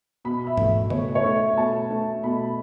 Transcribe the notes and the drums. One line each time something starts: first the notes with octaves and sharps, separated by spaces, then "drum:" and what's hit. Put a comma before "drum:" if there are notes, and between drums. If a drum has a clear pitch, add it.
B2 B5
E5
A3, drum: tom G#2
E5
B2 C#5, drum: tom C#3
C#5
A3 E5
B2 A5
A3
B2 B5